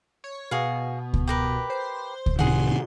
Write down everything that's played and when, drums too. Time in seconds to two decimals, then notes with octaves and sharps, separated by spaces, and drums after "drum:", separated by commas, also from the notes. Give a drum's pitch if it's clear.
0.24 C#5
0.51 B2 F#4 G#4 F5
1.13 drum: kick C#2
1.28 G4 A#4 B4
1.70 C5
2.26 drum: kick C#2
2.39 A2 C3 D#3 G#4 F#5 C6